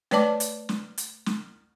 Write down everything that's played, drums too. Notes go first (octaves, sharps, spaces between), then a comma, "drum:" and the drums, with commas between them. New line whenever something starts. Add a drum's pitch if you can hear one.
A3 B4 C#5 D5 A5 D6, drum: snare
drum: hi-hat
drum: snare
drum: hi-hat
drum: snare